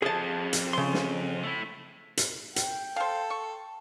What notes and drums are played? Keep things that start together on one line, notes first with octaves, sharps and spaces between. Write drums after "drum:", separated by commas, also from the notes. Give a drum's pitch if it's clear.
F2 G#4 A5
drum: hi-hat
C#3 C6
drum: snare
A3 E4
drum: hi-hat
G5, drum: hi-hat
A4 C5 F5
C#6